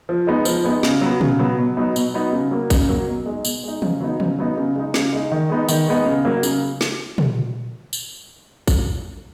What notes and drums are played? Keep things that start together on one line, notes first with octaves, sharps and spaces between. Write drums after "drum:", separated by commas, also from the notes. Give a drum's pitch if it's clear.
F3
G#3 B3 D#4
F3, drum: tambourine
G#3 B3 D#4
C#3, drum: snare
F#3 B3
C#3, drum: tom
F#3 B3
B2
F#3 B3 D#4
B2, drum: tambourine
F#3 B3 D#4
C#3
F#3 A#3
C#3, drum: kick, tambourine
F#3 A#3
B2
G#3 D#4
B2, drum: tambourine
G#3 D#4
C#3, drum: tom D#3
F#3 B3 D#4
C#3, drum: tom D#3
F#3 B3 D#4
C#3
G#3 D#4
C#3, drum: snare
G#3 D#4
D#3
G#3 B3 D#4
D#3, drum: tambourine
G#3 B3 D#4
C#3
F#3 A#3
C#3, drum: tambourine
drum: snare
drum: tom
drum: tambourine
drum: kick, tambourine